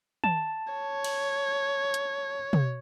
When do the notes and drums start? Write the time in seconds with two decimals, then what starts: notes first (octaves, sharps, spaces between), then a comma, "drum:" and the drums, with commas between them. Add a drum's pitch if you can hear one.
0.24 A5, drum: tom
0.73 C#5
1.04 drum: cymbal
1.94 drum: hi-hat
2.53 drum: tom